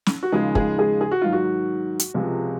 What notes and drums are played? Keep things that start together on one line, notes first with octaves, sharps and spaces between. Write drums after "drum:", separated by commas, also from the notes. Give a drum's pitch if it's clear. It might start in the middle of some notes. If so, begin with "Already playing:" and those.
drum: snare
F#4
D#2 C#3 F3 G#3 G#4
G#3 G#4, drum: kick
G#3 G#4
G#4
F#4
G#2 D#3 F#3 F4
F#4
drum: hi-hat
C#2 C3 F3 G#3